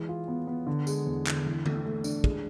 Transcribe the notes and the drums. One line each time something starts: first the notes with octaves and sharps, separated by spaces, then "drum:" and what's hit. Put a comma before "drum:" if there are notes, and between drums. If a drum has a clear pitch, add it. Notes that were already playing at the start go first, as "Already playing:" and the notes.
Already playing: E3 G#3
F4
B3
B3
D3
G#3, drum: tambourine
E2
D3, drum: clap
E3
A3, drum: tom D3
A3
D4, drum: tambourine
G#3, drum: kick